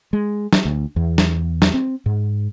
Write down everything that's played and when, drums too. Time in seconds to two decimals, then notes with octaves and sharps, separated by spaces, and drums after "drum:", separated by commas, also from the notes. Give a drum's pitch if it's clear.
0.13 G#3
0.53 drum: snare
0.65 D2
0.96 E2
1.18 drum: snare
1.62 drum: snare
1.74 C4
2.06 G#2